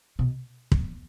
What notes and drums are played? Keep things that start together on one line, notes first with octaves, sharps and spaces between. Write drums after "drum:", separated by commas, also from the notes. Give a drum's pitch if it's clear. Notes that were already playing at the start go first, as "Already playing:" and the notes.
B2
drum: kick